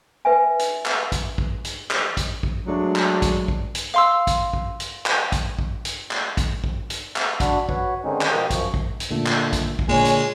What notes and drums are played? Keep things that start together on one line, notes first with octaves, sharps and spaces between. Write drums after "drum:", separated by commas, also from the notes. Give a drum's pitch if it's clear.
B4 E5 G#5
drum: hi-hat
drum: clap
drum: kick, hi-hat
drum: kick
drum: hi-hat
drum: clap
drum: kick, hi-hat
drum: kick
F#3 G#3 A3 D4
drum: clap
drum: kick, hi-hat
drum: kick
drum: hi-hat
F5 C6 E6
drum: kick, hi-hat
drum: kick
drum: hi-hat
drum: clap
drum: kick, hi-hat
drum: kick
drum: hi-hat
drum: clap
drum: kick, hi-hat
drum: kick
drum: hi-hat
drum: clap
D4 F#4 F#5 B5, drum: kick, hi-hat
F#4 B4 C#5 F#5, drum: kick
D3 D#3 G#3 C4 C#4 D#4
drum: clap
B2 F3 G4 A#4 D#5 D#6
F#2 F3 C#6, drum: kick, hi-hat
drum: kick
drum: hi-hat
A#2 D3 A3
drum: clap
drum: kick, hi-hat
drum: kick
A#2 D3 G#3 C#5 G#5
drum: hi-hat